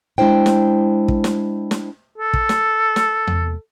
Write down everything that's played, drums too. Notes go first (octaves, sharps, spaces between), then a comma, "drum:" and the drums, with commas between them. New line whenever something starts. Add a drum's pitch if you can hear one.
G#3 D4 E4 C5 G5
drum: snare
drum: kick
drum: snare
drum: snare
A4
drum: kick
drum: snare
drum: snare
drum: tom E2